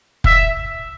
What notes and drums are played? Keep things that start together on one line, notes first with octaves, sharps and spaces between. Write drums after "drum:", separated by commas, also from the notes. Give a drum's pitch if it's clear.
E5, drum: kick